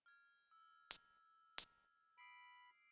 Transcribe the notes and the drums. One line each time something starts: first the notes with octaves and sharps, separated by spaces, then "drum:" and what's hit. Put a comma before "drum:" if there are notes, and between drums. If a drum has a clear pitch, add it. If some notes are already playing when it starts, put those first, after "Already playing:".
F6 G#6
E6
drum: hi-hat
drum: hi-hat
B5 D#6 C7 D7